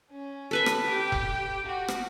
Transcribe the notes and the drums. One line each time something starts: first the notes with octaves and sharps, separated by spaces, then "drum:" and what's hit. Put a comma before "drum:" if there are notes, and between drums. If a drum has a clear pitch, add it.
C#4
A4 B4 E5
drum: rim click
G4 G5
drum: kick E1
F#4
drum: rim click